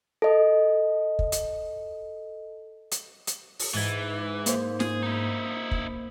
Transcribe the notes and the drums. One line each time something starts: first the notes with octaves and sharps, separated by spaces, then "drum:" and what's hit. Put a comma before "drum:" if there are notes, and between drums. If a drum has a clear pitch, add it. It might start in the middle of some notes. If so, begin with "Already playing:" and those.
A4 D#5
drum: kick
drum: hi-hat
drum: hi-hat
drum: hi-hat
drum: open hi-hat
G#2 E3 G#6 A6
A#3 C5, drum: hi-hat
G#4, drum: snare
D#4 E4
drum: kick